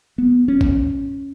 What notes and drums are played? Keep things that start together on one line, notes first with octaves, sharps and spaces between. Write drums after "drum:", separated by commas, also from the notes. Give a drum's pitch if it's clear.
B3
C#4
drum: kick